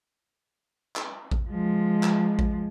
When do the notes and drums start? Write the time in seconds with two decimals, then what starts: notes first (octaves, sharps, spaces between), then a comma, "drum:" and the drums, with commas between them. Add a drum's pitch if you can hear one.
0.96 drum: clap
1.31 drum: kick A1
1.49 F3 G#3
2.03 drum: clap
2.39 drum: kick A1